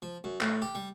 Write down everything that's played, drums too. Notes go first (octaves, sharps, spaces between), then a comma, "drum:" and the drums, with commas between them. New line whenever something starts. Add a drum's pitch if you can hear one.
F3
F#2
A2, drum: clap
G4
G3